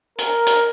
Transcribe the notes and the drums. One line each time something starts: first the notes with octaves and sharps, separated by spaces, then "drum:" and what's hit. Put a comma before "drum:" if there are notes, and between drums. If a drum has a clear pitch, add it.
A#4, drum: hi-hat
drum: hi-hat